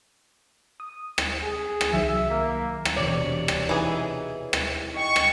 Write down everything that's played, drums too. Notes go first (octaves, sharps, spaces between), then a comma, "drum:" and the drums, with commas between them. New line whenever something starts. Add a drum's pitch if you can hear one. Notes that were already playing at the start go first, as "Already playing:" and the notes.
D#6
drum: rim click
G#4
drum: rim click
C2 D#3 F#3 E5
A#3
drum: rim click
E1 C3 C#5 D5
drum: rim click
E3 D#4 E4 G#4 B4
drum: rim click
D#5 G5 G#5 C#6
drum: rim click